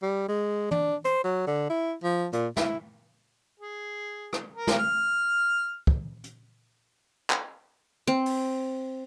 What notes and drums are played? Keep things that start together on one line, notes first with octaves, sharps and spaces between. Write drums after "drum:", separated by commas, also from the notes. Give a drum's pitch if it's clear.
G3
G#3
D4, drum: tom
C5, drum: hi-hat
F#3
D3
E4
F3
A#2, drum: hi-hat
E4, drum: snare
G#4
drum: rim click
A#4
drum: snare
F6
drum: kick
drum: hi-hat
drum: clap
C4
drum: open hi-hat